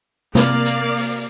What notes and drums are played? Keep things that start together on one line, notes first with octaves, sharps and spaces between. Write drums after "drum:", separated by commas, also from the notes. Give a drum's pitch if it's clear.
C3 A#3 D5 F5, drum: snare
drum: hi-hat
drum: open hi-hat